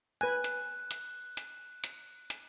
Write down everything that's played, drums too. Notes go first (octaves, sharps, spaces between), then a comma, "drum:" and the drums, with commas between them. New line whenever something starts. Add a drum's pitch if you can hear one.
B4 G#5 F#6
drum: hi-hat
drum: hi-hat
drum: hi-hat
drum: hi-hat
drum: hi-hat